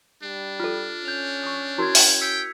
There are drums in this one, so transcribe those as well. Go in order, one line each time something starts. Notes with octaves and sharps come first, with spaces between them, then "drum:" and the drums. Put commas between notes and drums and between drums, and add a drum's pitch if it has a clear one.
G3 D4
F4 A4 F6
C#4 G6 F7
C#6 D#6
E4 F#4 A#4 G6 G#6
drum: open hi-hat
G5 E6 B6 C#7